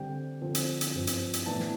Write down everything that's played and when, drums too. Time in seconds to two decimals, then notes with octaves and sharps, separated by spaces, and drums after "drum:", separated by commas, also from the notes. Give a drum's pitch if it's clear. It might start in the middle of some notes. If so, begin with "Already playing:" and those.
Already playing: D3 G3 C4 G5
0.41 D3 F3 C4
0.55 drum: hi-hat
0.81 drum: hi-hat
0.95 G2 F3 C4
1.07 drum: hi-hat
1.33 drum: hi-hat
1.46 A2 E3 B3 D4 A5
1.60 drum: snare